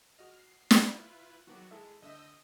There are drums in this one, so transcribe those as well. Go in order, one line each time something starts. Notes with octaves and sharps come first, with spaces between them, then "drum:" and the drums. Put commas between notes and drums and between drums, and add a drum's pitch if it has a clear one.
F#4 D#5 F6
C7
drum: snare
E4 F4 B4
D#3 F#3 B3 F#4 D6
G#3 E4 A4 E5
D2 D3 D#5 E5 E6 G6